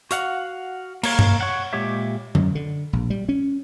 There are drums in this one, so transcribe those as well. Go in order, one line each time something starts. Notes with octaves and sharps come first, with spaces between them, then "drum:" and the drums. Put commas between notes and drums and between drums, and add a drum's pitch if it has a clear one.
F#4 F5 F#5, drum: hi-hat
A#3 C#5 F5, drum: cymbal
drum: tom G2
C#5 F#5
A#2 G#3 G4 C#5 E5
F#2, drum: tom
D3
A#1
G3
C#4